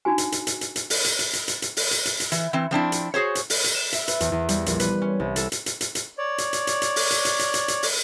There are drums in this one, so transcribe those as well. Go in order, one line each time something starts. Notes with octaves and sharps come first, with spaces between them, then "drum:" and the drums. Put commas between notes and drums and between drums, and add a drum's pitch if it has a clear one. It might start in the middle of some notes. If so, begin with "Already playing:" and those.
D4 D#4 F#4 G#5
drum: hi-hat
drum: hi-hat
drum: hi-hat
drum: hi-hat
drum: hi-hat
drum: open hi-hat
drum: hi-hat
drum: hi-hat
drum: hi-hat
drum: hi-hat
drum: hi-hat
drum: open hi-hat
drum: hi-hat
drum: hi-hat
drum: hi-hat
E3, drum: hi-hat
E3 C4
F3 C4 D4 E4
drum: hi-hat
F#4 G#4 C5 C#5
drum: hi-hat
drum: open hi-hat
drum: hi-hat
E7
E5, drum: hi-hat
B4, drum: hi-hat
E2, drum: hi-hat
E2
G3, drum: hi-hat
A#1, drum: hi-hat
B4, drum: hi-hat
C#4
C2
A4, drum: hi-hat
drum: hi-hat
drum: hi-hat
drum: hi-hat
drum: hi-hat
C#5 D5
drum: hi-hat
drum: hi-hat
drum: hi-hat
drum: hi-hat
drum: open hi-hat
drum: hi-hat
drum: hi-hat
drum: hi-hat
drum: hi-hat
drum: hi-hat
drum: open hi-hat